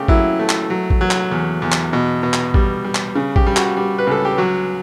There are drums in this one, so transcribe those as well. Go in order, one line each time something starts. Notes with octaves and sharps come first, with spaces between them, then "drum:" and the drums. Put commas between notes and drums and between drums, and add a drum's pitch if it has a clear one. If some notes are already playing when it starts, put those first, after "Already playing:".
Already playing: C#3 A3 G4
F#3 E4, drum: kick A1
A3
drum: clap
F#3
drum: kick A1
F#3
drum: clap
E2
E2
drum: clap
B2
B2
drum: clap
G3, drum: kick A1
G3
drum: clap
C#3
G4, drum: kick A1
G3
F#4, drum: clap
G3
B4
C#2 A4
G4
F#3 F#4